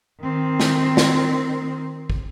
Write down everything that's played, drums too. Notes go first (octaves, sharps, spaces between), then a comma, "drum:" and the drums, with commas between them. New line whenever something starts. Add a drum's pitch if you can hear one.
D#3 C4
drum: snare
drum: snare
drum: kick